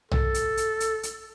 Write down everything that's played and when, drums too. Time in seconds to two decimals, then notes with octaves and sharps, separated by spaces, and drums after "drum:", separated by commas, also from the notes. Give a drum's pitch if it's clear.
0.11 A4, drum: tom B1
0.34 drum: hi-hat
0.57 drum: hi-hat
0.80 drum: hi-hat
1.03 drum: hi-hat